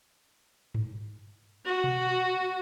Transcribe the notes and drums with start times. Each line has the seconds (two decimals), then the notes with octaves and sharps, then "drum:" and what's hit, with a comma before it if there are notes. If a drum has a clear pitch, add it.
0.74 drum: tom G2
1.66 F#4
1.84 drum: tom B2